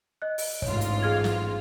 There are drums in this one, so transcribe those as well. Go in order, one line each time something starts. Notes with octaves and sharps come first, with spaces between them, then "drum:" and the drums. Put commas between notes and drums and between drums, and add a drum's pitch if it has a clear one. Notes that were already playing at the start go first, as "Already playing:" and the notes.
D#5 F#6
drum: open hi-hat
A1 G#2 F4 C#5, drum: kick
drum: hi-hat
G#4 F6 G#6
drum: snare